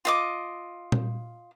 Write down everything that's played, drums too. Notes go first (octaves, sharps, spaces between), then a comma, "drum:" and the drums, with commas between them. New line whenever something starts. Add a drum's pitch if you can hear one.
F4 D#5 D6
drum: tom A#2